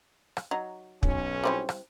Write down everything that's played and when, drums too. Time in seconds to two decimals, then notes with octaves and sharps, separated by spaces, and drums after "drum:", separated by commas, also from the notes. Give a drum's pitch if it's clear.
0.37 drum: rim click
0.51 F#3 D#4
1.03 B1 C#4, drum: kick
1.44 G3 C4 E4
1.69 drum: rim click